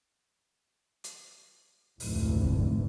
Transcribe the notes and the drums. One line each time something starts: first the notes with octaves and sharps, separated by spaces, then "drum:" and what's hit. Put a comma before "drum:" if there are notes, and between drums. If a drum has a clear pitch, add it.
drum: hi-hat
F1 D2 G#2 E3, drum: open hi-hat
drum: kick D#2